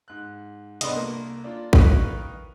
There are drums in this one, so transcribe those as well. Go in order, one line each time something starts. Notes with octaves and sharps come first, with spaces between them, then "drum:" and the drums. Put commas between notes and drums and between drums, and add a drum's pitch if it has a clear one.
G#2 F#6
C2 A3 B3 D4 D#5 C6, drum: hi-hat
A#3
D4 F4
D#3 B4 F5 C#6, drum: kick A1